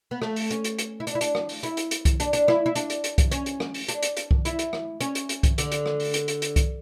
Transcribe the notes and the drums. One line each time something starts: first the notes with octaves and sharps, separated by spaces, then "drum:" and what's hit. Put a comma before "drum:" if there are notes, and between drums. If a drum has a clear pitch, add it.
B3
A3, drum: rim click
drum: open hi-hat
C#4, drum: hi-hat
drum: hi-hat
drum: hi-hat
E4
D4, drum: hi-hat
E4
D4, drum: hi-hat
drum: rim click
drum: open hi-hat
E4, drum: hi-hat
drum: hi-hat
drum: hi-hat
drum: kick C2, hi-hat
D4, drum: hi-hat
D4, drum: hi-hat
E4, drum: rim click
E4
D4, drum: hi-hat
drum: hi-hat
drum: hi-hat
drum: kick C2, hi-hat
C#4, drum: hi-hat
drum: hi-hat
drum: rim click
drum: open hi-hat
D4, drum: hi-hat
drum: hi-hat
drum: hi-hat
drum: kick C2
E4, drum: hi-hat
drum: hi-hat
drum: rim click
C#4, drum: hi-hat
drum: hi-hat
drum: hi-hat
drum: kick C2, hi-hat
D3, drum: hi-hat
drum: hi-hat
drum: rim click
drum: open hi-hat
drum: hi-hat
drum: hi-hat
drum: hi-hat
drum: kick C2, hi-hat